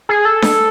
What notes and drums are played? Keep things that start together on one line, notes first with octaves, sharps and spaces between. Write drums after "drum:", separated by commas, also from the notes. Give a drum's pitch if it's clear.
G#4
A4
drum: snare D4